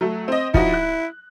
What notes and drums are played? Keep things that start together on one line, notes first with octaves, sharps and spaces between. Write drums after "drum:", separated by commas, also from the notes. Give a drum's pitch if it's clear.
F#3 A3
C4 D#5
F3 D#4 E4 F#4, drum: kick
F#6